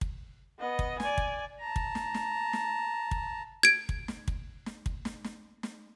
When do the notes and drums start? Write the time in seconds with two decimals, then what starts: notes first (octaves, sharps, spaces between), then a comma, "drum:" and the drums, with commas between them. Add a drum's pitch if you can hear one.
0.01 drum: kick
0.59 B3 D#5
0.79 drum: kick
1.00 D5 G#5, drum: snare
1.18 drum: kick
1.60 A5 A#5
1.76 drum: kick
1.95 drum: snare
2.14 drum: snare
2.53 drum: snare
3.11 drum: kick
3.63 G#6 D7
3.89 drum: kick
4.08 drum: snare
4.28 drum: kick
4.66 drum: snare
4.86 drum: kick
5.05 drum: snare
5.24 drum: snare
5.63 drum: snare